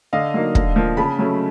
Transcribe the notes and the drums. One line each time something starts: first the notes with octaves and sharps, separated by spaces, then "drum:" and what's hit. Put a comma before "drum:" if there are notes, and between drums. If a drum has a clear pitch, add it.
D3 D#5 F5
F#3 A#3 D#4
D3, drum: kick
F3 A#3
C#3 A5 B5
F#3 A3 C#4